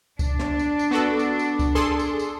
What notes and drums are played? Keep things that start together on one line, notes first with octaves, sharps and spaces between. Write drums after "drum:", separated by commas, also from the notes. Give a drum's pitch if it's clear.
D4, drum: kick C#2, tambourine
drum: snare
drum: tambourine
drum: tambourine
B3 F#4 A4
drum: tambourine
drum: tambourine
drum: kick C#2, tambourine
G#4 A4 C6
drum: tambourine
drum: tambourine